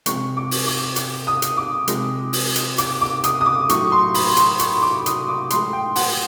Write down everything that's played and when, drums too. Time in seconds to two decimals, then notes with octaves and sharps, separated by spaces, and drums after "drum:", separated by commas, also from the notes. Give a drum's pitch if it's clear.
0.06 C3 F3 G#3 C#6, drum: hi-hat
0.37 D6
0.51 drum: open hi-hat
0.67 D6
0.96 D6, drum: hi-hat
1.27 D#6
1.42 drum: hi-hat
1.57 D6
1.88 C3 F3 G#3, drum: hi-hat
2.33 drum: open hi-hat
2.56 drum: hi-hat
2.78 D6, drum: hi-hat
3.01 D6
3.24 D#6, drum: hi-hat
3.41 D#6
3.46 D6
3.69 A2 F#3 C#6, drum: hi-hat
3.92 C6
4.14 B5, drum: open hi-hat
4.37 C6, drum: hi-hat
4.59 C#6, drum: hi-hat
4.82 D6
5.06 D#6, drum: hi-hat
5.28 D6
5.50 A2 F3 G#3 C6, drum: hi-hat
5.73 G5
5.96 F#5, drum: open hi-hat